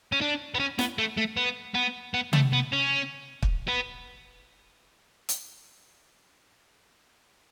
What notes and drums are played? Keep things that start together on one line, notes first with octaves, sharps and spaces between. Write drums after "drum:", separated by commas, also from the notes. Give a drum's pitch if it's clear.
C#4
D4
B3
C#4
B3, drum: snare
A3
A3
B3
B3
B3
A3, drum: tom
B3
C#4
drum: kick
B3
drum: hi-hat